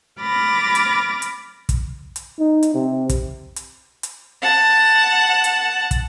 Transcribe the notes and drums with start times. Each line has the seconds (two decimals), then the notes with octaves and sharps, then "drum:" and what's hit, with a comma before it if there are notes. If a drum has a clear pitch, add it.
0.21 B5 D6 F6 A6 A#6
0.75 drum: hi-hat
1.22 drum: hi-hat
1.69 drum: kick, hi-hat
2.16 drum: hi-hat
2.39 D#4
2.63 drum: hi-hat
2.74 C3
3.09 drum: kick, hi-hat
3.56 drum: hi-hat
4.03 drum: hi-hat
4.42 F#5 A5
5.44 drum: hi-hat
5.91 drum: kick, hi-hat